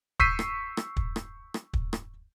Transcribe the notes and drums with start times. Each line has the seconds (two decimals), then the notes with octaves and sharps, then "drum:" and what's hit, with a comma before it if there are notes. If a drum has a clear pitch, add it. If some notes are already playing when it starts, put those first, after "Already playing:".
0.20 C#6 E6 G6 B6 C7 D#7, drum: kick
0.39 drum: rim click
0.77 drum: rim click
0.97 drum: kick
1.16 drum: rim click
1.54 drum: rim click
1.73 drum: kick
1.93 drum: rim click